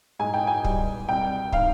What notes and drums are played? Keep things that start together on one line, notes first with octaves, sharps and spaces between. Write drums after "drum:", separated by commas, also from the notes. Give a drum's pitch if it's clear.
G#2 G#5
G5
G#5
G3, drum: kick
C2 G5
D#3 F5, drum: kick